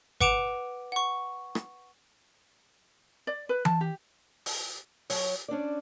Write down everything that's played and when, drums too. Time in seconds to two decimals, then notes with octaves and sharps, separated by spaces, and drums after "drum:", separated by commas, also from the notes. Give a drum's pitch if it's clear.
0.21 B4 F#5 D6 D7 E7 F7, drum: kick G#1
0.92 F#5 C#6
1.55 drum: rim click
3.27 D5
3.49 B4
3.65 A5, drum: tom E3
3.81 G4
4.46 drum: open hi-hat
5.10 F#3 C#5, drum: open hi-hat
5.48 C#4 D4 C5 D5